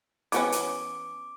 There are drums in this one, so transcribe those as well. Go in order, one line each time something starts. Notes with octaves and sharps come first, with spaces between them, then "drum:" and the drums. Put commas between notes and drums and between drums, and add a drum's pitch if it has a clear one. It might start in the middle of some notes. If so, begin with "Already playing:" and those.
E3 B3 C#4 D6, drum: hi-hat
drum: hi-hat